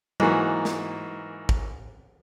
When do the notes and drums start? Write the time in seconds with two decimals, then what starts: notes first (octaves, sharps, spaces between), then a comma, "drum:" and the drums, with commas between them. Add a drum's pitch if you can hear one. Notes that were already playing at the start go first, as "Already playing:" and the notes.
0.20 G#2 E3 A#3 F#4, drum: tom F#3
0.65 drum: snare
1.49 drum: kick